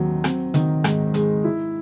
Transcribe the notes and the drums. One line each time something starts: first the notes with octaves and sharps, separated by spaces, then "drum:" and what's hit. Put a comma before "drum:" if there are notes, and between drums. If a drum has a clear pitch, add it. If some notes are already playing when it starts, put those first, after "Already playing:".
Already playing: D#2 D#3 F#3 C4
C4, drum: rim click
D#3, drum: hi-hat
G#2, drum: rim click
G#3, drum: hi-hat
E4